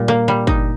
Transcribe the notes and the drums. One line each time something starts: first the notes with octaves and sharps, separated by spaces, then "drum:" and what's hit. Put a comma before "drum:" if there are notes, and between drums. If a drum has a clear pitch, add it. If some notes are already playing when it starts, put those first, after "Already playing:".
Already playing: A#2 G3
A#3
G3
D#4, drum: kick